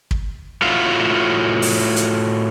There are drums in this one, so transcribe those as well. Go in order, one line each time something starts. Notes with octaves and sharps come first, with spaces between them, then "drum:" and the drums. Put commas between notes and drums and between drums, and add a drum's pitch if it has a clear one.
drum: kick
A2 F4 F#4 E5 F5
drum: open hi-hat
drum: hi-hat